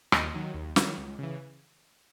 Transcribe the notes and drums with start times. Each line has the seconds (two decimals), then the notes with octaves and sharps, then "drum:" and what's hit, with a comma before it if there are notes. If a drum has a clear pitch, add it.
0.12 D#2 D#5, drum: rim click
0.34 D#3 F#3
0.54 D#2
0.76 D#3 F#3, drum: snare
0.98 C#2
1.19 C#3 E3